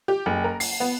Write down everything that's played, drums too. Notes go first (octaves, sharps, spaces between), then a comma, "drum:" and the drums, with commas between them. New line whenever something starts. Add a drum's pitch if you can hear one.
G4
F#1
A#4
C7, drum: open hi-hat
B3